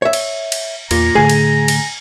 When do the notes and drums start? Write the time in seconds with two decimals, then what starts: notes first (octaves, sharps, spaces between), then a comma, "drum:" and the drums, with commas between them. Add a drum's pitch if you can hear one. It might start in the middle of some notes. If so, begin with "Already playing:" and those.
0.02 C#5 E5
0.13 drum: cymbal
0.52 drum: cymbal
0.91 E2 A#2 A#5, drum: cymbal
1.15 A2 D3 A3 G#4 G#5
1.29 drum: cymbal
1.68 drum: cymbal